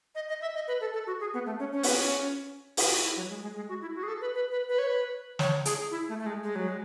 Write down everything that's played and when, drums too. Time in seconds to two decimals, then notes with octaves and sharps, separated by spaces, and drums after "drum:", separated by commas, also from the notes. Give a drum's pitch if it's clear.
0.15 D#5
0.29 D#5
0.42 E5
0.55 D#5
0.68 B4
0.81 A4
0.94 A4
1.07 F#4
1.20 G#4
1.34 B3
1.46 A3
1.59 C#4
1.73 C#4
1.83 B3, drum: open hi-hat
1.95 C#4
2.77 G#4, drum: open hi-hat
2.91 F#4
3.04 E4
3.17 F#3
3.30 G#3
3.42 G#3
3.56 G#3
3.69 F#4
3.82 E4
3.95 F#4
4.03 G#4
4.08 A4
4.21 B4
4.35 B4
4.52 B4
4.69 B4
4.79 C#5
4.87 B4
5.39 C#5, drum: snare
5.65 G#4, drum: hi-hat
5.91 E4
6.09 A3
6.19 A3
6.26 G#3
6.43 G#3
6.56 F#3
6.68 G#3